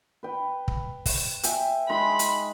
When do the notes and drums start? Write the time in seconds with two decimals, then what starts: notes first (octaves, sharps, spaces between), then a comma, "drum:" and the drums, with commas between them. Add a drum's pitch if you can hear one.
0.23 B4 G5
0.68 drum: kick
1.06 drum: kick, open hi-hat
1.43 E5 G5 G#5, drum: hi-hat
1.89 G#3 D#4 B5 C6
2.19 drum: hi-hat